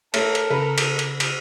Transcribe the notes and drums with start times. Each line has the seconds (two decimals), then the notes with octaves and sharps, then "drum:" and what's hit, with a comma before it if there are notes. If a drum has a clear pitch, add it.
0.14 A3 A4 A#4 C#5, drum: cymbal
0.35 drum: cymbal
0.50 C#3 B4
0.78 drum: cymbal
0.99 drum: cymbal
1.20 drum: cymbal